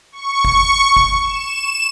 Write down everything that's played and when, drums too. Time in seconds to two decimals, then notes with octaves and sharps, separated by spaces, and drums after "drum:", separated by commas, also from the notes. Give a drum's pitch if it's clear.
0.12 C#6
0.45 drum: kick G1
0.96 drum: kick G1
1.23 E7